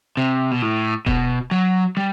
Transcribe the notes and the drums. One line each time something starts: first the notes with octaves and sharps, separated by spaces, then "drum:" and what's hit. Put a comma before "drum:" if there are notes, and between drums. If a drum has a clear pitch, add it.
C3
B2
A2
B2, drum: kick D#1
F#3
G3